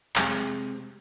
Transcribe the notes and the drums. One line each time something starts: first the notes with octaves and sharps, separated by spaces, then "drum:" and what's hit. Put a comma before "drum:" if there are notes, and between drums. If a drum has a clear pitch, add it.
C3 G#3, drum: clap